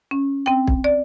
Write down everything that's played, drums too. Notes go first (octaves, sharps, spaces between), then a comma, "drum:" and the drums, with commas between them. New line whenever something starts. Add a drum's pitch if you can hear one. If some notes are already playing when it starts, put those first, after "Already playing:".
C#4
C4 G5
drum: kick
D5